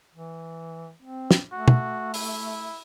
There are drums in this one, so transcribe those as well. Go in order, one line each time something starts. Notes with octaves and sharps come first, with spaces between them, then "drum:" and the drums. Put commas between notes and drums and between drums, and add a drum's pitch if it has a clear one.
E3
C4
drum: snare
A3 F#4
drum: tom
E4, drum: open hi-hat